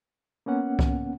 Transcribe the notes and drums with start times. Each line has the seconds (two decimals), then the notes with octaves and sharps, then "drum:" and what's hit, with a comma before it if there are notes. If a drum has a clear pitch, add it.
0.46 A#3 B3 C#4 F#5
0.79 drum: kick C2